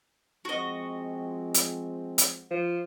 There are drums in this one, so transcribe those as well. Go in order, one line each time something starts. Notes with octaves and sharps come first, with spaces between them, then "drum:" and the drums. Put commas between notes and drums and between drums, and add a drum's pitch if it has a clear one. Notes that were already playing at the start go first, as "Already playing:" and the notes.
F3 G#3 C4 F#4 D#5
drum: hi-hat
drum: hi-hat
F3